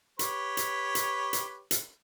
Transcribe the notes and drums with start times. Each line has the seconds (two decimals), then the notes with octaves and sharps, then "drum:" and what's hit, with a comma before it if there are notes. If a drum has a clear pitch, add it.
0.19 G4 B4 C#5, drum: hi-hat
0.57 drum: hi-hat
0.95 drum: hi-hat
1.33 drum: hi-hat
1.71 drum: hi-hat